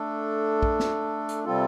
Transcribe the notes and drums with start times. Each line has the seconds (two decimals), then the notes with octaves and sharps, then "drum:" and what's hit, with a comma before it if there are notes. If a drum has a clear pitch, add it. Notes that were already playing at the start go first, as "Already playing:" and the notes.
Already playing: A3 D4 A4
0.63 drum: kick
0.80 drum: snare
1.29 drum: hi-hat
1.44 C3 G3 C4 F4 A4